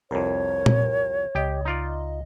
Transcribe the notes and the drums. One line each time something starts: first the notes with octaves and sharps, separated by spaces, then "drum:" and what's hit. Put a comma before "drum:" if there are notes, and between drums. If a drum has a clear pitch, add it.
C2 F2 A#4 C#5
drum: tom A#2
C#2 G4 D#5 G5
D#4 F4 D5